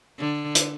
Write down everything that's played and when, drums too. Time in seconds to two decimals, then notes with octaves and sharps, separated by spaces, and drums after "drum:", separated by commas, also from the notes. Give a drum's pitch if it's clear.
0.20 D3
0.55 drum: hi-hat